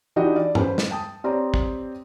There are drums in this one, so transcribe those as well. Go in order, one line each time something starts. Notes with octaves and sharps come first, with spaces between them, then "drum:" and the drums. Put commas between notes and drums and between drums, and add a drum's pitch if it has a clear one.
E3 D4 D#4 F#4 G4 D#5
D5
C#4 B4 C5, drum: tom G2
drum: snare
G5 A5 D#6
C4 G4 C#5 D5 A#5
drum: kick